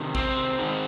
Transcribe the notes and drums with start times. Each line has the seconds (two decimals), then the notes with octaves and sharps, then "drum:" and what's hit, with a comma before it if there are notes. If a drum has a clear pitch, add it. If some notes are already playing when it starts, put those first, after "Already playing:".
Already playing: C3 D#3
0.15 C4, drum: kick A1
0.59 G#2 D#3 G#3